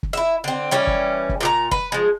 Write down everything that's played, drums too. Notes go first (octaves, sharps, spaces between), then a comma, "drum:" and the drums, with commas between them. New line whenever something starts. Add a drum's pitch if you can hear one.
drum: kick
E4 E5
D3 C4
E3 G3 C#4
drum: kick
drum: kick
A#2 G4 A#5
B4, drum: kick
F3 G#3